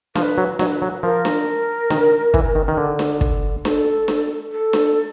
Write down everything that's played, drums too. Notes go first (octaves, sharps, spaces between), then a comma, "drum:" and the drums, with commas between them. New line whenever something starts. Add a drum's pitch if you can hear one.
F3 B4, drum: snare D4
F#3
F#3 D#5, drum: snare D4
B4
F#3
F3 A#4
drum: snare D4
D#3, drum: snare D4
E3, drum: kick
D#3
D#3
D3
drum: snare D4
drum: kick
A4, drum: snare D4
drum: snare D4
A4
drum: snare D4